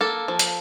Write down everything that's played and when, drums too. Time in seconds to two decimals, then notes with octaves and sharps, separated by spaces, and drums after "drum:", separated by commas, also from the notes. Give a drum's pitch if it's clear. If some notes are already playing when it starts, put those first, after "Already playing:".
0.01 A#3 A4
0.28 F3
0.39 drum: hi-hat